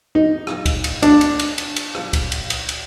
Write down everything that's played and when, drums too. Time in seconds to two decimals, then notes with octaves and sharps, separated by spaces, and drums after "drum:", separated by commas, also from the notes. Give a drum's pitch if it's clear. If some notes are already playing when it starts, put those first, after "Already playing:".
0.15 D#4
0.47 drum: rim click
0.66 drum: kick, cymbal
0.84 drum: cymbal
1.02 D4, drum: cymbal
1.21 drum: cymbal
1.39 drum: cymbal
1.58 drum: cymbal
1.76 drum: cymbal
1.95 drum: rim click
2.13 drum: kick, cymbal
2.32 drum: cymbal
2.50 drum: cymbal
2.69 drum: cymbal